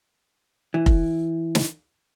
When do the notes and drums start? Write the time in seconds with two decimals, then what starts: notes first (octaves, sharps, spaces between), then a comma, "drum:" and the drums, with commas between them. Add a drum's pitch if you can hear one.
0.74 E3
0.86 drum: kick F1
1.55 drum: snare